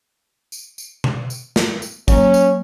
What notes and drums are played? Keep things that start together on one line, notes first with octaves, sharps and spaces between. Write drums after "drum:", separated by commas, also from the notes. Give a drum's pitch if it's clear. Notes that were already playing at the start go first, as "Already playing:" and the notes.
drum: tambourine
drum: tambourine
drum: tom B2
drum: tambourine
drum: snare
drum: tambourine
F#3 A#3 C#4, drum: kick, tambourine
drum: tambourine